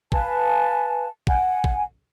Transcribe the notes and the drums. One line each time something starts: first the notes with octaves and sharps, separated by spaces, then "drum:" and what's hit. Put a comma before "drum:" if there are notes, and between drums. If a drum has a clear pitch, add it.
B4 F5 G#5 A5, drum: kick
F#5 G#5, drum: kick
drum: kick